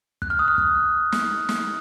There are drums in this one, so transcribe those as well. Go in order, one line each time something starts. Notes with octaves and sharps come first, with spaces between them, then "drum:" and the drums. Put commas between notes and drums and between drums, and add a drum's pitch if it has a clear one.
F#6, drum: kick
F6
D#6
F6
drum: kick
drum: snare
drum: snare